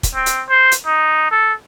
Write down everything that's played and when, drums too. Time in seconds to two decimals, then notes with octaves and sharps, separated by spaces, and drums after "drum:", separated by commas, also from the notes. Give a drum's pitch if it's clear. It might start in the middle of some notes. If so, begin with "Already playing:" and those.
0.03 drum: kick, hi-hat
0.15 C4
0.26 drum: hi-hat
0.49 C5
0.72 drum: hi-hat
0.86 D#4
1.31 A4